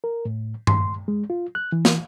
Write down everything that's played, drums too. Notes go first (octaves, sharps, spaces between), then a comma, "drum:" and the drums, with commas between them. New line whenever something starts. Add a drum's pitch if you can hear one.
A#4
A2
C6, drum: tom G2
G#3
F4
F#6
E3
drum: snare